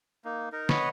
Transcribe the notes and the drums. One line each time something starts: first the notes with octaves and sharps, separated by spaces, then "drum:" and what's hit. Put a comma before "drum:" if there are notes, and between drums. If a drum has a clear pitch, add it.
A#3 D#4
D#4 A#4
B4 C#5 D#5 F#5, drum: snare